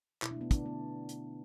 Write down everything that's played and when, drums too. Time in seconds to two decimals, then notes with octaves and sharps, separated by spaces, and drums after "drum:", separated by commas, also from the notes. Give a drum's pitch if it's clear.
0.22 B2 E4, drum: clap
0.31 D4
0.36 A3 B3
0.51 D3 D4, drum: kick, hi-hat
0.65 A3 B3
1.09 drum: hi-hat